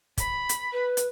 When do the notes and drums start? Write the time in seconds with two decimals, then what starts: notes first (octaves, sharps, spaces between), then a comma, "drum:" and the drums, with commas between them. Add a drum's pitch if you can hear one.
0.18 B5, drum: kick, hi-hat
0.49 drum: hi-hat
0.72 B4
0.97 drum: hi-hat